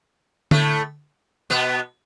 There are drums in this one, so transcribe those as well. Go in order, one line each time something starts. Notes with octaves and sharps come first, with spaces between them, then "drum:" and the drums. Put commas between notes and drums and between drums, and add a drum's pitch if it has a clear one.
A2 A3, drum: tom D3
B2 B3